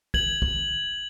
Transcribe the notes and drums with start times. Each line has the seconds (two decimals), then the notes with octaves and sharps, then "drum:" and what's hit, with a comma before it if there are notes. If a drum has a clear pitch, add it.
0.14 G#6 F#7, drum: kick
0.42 drum: kick